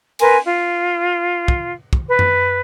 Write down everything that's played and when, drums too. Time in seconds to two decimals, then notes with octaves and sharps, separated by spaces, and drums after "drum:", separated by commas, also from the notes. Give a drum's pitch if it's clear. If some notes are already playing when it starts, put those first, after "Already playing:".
0.19 A#4 B4 G#5 C6, drum: cymbal
0.45 F4
1.48 drum: kick
1.93 drum: kick
2.09 B4
2.19 drum: tom F#2